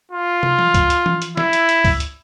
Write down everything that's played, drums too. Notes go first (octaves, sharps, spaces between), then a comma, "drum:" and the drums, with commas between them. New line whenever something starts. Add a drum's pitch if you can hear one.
F4
drum: tom
drum: tom E3
drum: kick, hi-hat
drum: hi-hat
drum: tom E3
drum: hi-hat
E4, drum: snare
drum: hi-hat
drum: hi-hat
drum: kick, open hi-hat
drum: hi-hat